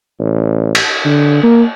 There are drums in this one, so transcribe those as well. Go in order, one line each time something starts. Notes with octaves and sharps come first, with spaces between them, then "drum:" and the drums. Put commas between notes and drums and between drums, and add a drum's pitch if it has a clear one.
A1
drum: cymbal
D3
A#3